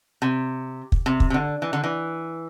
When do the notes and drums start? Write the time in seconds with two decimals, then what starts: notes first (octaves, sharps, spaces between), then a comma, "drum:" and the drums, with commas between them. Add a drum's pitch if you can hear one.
0.22 C3
0.92 drum: kick
1.06 C3
1.20 drum: kick
1.30 C3
1.34 D3
1.62 E3
1.73 D3
1.84 E3